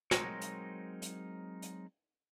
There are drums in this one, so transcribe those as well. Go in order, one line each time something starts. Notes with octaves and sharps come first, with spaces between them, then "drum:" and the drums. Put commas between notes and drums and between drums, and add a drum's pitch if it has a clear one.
F#3 G#3 C4 D#4 A#4 C#5, drum: snare
drum: hi-hat
drum: hi-hat
drum: hi-hat